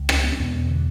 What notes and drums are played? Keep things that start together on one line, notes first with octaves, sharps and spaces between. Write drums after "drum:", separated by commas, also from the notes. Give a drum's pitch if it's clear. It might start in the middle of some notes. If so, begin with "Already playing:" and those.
Already playing: C#2 C#3
C#4, drum: rim click
B3
C#4
E2 B2 B3
D3